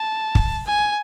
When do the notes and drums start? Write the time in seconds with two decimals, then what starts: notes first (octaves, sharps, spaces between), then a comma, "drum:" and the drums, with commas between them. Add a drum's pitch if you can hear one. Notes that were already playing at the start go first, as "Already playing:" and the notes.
Already playing: A5
0.35 drum: kick
0.66 G#5